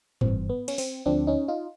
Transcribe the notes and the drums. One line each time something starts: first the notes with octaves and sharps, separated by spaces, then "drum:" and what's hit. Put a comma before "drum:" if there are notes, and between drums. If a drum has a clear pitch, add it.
G1 G2 E3 C4, drum: tom G#2
B3
C#4, drum: cymbal
C4, drum: open hi-hat
D2 D3 F3 C4 D4
C#4 D#4
D#4 F4